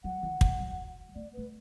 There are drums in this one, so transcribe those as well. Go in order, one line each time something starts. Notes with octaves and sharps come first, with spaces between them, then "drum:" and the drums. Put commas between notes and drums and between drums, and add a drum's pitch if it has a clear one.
F#3 F#5
E3
E3, drum: kick
F#3
A3 D5
A3 B4